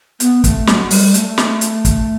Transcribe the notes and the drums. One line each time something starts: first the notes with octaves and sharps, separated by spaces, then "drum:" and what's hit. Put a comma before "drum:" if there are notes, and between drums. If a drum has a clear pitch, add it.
B3, drum: hi-hat
A3, drum: kick, hi-hat
G3, drum: snare
F#3
G3, drum: open hi-hat
A3, drum: hi-hat
drum: snare
drum: hi-hat
drum: kick, hi-hat